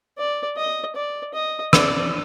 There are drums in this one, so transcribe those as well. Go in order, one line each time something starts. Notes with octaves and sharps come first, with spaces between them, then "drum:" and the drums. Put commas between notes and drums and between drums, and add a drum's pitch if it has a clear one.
D5
D#5
D5
D#5
D5, drum: rim click